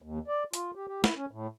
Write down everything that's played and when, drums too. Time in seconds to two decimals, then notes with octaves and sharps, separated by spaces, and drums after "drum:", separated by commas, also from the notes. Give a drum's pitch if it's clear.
0.02 D#2
0.28 D5
0.53 F4, drum: hi-hat
0.75 G4
0.88 G4
1.04 E4, drum: snare
1.16 C#4
1.31 A2